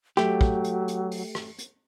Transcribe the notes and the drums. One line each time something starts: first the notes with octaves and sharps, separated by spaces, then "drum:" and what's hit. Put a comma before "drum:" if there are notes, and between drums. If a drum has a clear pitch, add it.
F#3 A3 G4, drum: rim click
drum: kick
drum: hi-hat
drum: hi-hat
drum: open hi-hat
drum: rim click
drum: hi-hat